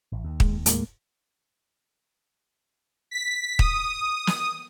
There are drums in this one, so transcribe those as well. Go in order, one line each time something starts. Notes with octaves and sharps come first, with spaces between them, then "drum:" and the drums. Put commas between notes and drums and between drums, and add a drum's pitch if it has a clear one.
A1
D#2
G#3, drum: kick
A2 G#3 A#3, drum: hi-hat
B6
D#6, drum: kick
drum: snare